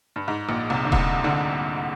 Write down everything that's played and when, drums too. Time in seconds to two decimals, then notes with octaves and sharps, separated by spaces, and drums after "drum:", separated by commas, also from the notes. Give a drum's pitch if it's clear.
0.16 G2
0.28 G#2
0.49 A#1 A#2
0.70 C2 C3
0.85 D3
0.92 C2 C3, drum: kick D#1
1.24 D2 D3